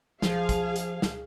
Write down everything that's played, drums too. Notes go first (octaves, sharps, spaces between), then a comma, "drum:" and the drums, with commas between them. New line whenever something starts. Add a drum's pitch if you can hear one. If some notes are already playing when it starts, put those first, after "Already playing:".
F3 G#4 F5, drum: snare
drum: kick, hi-hat
drum: hi-hat
drum: snare